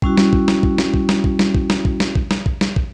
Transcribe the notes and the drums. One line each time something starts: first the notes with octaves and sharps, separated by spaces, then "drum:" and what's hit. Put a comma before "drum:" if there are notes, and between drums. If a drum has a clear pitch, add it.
G3 C#4 E4 F#4, drum: kick
drum: snare
drum: kick
drum: snare
drum: kick
drum: snare
drum: kick
drum: snare
drum: kick
drum: snare
drum: kick
drum: snare
drum: kick
drum: snare
drum: kick
drum: snare
drum: kick
drum: snare
drum: kick